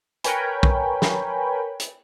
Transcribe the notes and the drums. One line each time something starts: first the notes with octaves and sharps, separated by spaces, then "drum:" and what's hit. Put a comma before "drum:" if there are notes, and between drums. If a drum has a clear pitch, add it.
A#4 B4 C#5 G5 G#5 B5, drum: hi-hat
drum: kick
drum: snare
drum: hi-hat